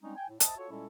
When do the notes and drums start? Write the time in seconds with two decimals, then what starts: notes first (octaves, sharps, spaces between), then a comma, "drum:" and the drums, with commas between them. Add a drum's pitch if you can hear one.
0.03 G3 G#3 C4 C#4 D#4
0.16 G5 G#5
0.29 A2
0.40 C5 D#5 E5 A5, drum: hi-hat
0.57 F4 F#4 A4 C#5
0.70 A#2 G3 G#3 C#4 E4 A4